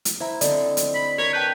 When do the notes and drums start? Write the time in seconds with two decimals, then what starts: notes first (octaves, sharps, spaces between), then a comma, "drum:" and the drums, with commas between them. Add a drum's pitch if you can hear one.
0.05 drum: hi-hat
0.20 E4 C5 E5 A#5
0.41 D3 C4 D5 D#5, drum: hi-hat
0.77 drum: hi-hat
0.95 B5
1.18 A#4 C#5
1.33 B4 G5 A5 G6